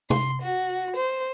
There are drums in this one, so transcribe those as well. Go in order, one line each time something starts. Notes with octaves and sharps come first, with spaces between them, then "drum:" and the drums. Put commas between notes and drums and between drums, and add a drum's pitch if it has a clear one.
C6, drum: tom
F#4
C5